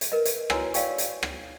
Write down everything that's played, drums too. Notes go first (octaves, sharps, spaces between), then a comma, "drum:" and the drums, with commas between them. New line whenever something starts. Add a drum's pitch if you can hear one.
drum: hi-hat
A#4 B4 D#5
drum: hi-hat
E4 F#4 B4 C#5 G#5 E6, drum: rim click
C#5 D5 F5 G5 C#6, drum: hi-hat
drum: hi-hat
drum: rim click